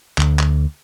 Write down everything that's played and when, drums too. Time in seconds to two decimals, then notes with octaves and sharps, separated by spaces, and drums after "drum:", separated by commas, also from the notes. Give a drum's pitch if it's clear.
0.18 D2, drum: clap
0.39 drum: clap